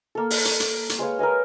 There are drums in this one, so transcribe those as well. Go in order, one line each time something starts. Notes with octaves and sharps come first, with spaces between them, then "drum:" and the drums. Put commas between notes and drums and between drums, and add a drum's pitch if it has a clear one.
A#3 A4
drum: open hi-hat
drum: hi-hat
drum: hi-hat
drum: hi-hat
G#3 B4 C#5 F5
A#4 B4 D#5 G#5